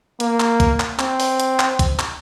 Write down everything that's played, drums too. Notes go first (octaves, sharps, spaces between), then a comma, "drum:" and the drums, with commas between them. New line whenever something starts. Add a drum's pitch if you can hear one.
A#3, drum: hi-hat
drum: clap
drum: kick, hi-hat
drum: clap
C4, drum: clap
drum: open hi-hat
drum: hi-hat
drum: clap
drum: kick, hi-hat
drum: clap